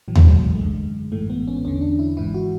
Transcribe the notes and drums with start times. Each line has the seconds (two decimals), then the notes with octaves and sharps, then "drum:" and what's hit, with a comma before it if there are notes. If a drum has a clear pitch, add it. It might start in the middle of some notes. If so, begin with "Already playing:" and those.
0.08 A1 A2 E3 F#3
0.15 G#3, drum: tom D#2
0.22 F#3
0.55 A3
0.59 G#1 F#2 D3 G#3
1.12 A1 G#2 E3 A3
1.30 B3
1.48 C#4
1.65 E2 D3 C#4
1.81 D4
1.99 E4
2.17 G#1 G#2 E3 E4
2.34 F#4